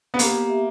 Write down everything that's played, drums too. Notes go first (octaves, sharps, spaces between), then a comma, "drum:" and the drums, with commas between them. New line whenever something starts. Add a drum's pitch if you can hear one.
B3
A#3 G4, drum: hi-hat
G4
E5